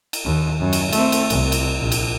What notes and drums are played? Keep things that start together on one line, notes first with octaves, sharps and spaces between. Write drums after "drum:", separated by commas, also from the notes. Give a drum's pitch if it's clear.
drum: cymbal
D#2
F#2
drum: cymbal
A3 C4, drum: cymbal
drum: cymbal
C2, drum: cymbal
drum: cymbal
A#1
drum: cymbal